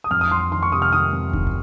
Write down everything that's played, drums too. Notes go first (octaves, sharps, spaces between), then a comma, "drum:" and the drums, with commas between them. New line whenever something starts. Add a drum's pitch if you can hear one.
D#6
F2 F6
D#6
F2 C6
D#3 C6
C#6
C3 D#6
F6
D#3 D#6
F2
D#3, drum: kick
drum: kick